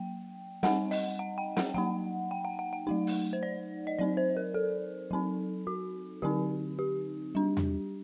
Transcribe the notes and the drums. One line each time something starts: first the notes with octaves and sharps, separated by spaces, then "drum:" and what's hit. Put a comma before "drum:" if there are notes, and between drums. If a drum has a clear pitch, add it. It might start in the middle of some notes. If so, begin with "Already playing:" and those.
Already playing: F#3 A#3 G5
G3 C4 D#4 F#5, drum: snare
D#5, drum: open hi-hat
F#5
G5
F#5, drum: snare
F#3 A#3 D#4 F#5
G5
F#5
F#5
F#5
F#3 A3 D#4
drum: open hi-hat
C5
D5
D#5
F#3 C4 D#4 D5
C5
A#4
A4
F#3 C4 D#4
F#4
D3 F#3 C4 D#4 G4
G4
G3 D4
drum: tom E2